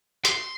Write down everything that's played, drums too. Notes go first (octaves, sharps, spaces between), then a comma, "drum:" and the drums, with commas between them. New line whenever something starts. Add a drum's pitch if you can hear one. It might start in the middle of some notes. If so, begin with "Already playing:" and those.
C6, drum: hi-hat